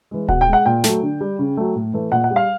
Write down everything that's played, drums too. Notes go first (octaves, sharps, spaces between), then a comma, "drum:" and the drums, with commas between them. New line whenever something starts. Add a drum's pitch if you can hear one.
E3 G#3
B2 F#5, drum: kick D1
G5
G#3
F#5
A#2 G5
F#3 A3, drum: snare
D3
G3
C#3
F#3 A3
A2
E3 A3
A#2 F#5
F#5
G3
F5